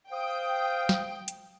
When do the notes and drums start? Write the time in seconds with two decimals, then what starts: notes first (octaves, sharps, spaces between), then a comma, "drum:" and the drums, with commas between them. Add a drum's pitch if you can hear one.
0.12 C5 F5 G5 D#6
0.89 drum: snare
1.28 drum: hi-hat